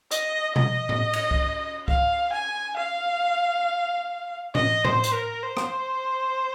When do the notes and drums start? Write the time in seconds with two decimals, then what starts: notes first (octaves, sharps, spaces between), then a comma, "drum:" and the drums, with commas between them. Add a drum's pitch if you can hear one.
0.11 D#5, drum: hi-hat
0.56 D#5, drum: tom B2
0.89 drum: tom A2
1.13 drum: cymbal
1.31 drum: kick C2
1.88 F5, drum: kick C2
2.33 G#5
2.77 F5
4.55 D#5, drum: tom A2
4.85 C5, drum: tom A2
5.04 drum: hi-hat
5.13 A#4
5.43 C5
5.57 drum: rim click